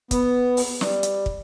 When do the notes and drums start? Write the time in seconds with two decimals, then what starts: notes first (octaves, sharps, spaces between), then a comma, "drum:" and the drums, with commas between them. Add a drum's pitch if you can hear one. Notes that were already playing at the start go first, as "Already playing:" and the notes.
0.11 B3, drum: kick, hi-hat
0.57 drum: open hi-hat
0.81 G3, drum: snare
1.03 drum: hi-hat
1.26 drum: kick